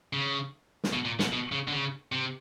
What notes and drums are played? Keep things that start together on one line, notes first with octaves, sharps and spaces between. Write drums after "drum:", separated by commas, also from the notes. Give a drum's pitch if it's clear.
C#3
drum: snare
B2
A#2
B2, drum: snare
B2
C#3
D3
C#3
C3